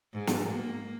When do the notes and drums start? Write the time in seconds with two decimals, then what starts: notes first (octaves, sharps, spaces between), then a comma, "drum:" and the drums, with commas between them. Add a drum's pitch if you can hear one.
0.13 G#2
0.27 drum: snare
0.51 A#3